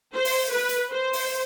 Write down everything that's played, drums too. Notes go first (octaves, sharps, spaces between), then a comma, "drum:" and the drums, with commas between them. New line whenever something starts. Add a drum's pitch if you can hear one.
C5
drum: open hi-hat
B4
drum: hi-hat
C5
drum: open hi-hat